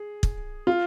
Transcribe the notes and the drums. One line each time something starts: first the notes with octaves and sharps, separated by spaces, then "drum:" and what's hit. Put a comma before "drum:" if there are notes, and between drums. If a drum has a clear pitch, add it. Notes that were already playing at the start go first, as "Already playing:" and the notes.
Already playing: G#4
drum: kick
F4